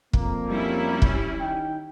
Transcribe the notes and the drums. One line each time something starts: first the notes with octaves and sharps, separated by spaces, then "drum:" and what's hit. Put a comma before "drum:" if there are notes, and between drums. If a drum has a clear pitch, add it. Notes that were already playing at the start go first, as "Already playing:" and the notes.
F2 A#3, drum: kick
G3 C#4 E4
drum: kick
D#3 D#4 G5